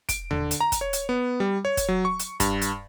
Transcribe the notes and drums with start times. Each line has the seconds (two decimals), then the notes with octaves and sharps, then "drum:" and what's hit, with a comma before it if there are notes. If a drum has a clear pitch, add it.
0.09 D7, drum: kick, hi-hat
0.31 D3, drum: tom D#2
0.51 drum: hi-hat
0.60 A#5
0.72 drum: kick, hi-hat
0.81 C#5
0.93 drum: hi-hat
1.09 B3
1.40 G3
1.65 C#5
1.77 drum: kick, hi-hat
1.89 F#3
2.05 C#6
2.19 drum: hi-hat
2.40 G2, drum: kick, hi-hat
2.61 drum: hi-hat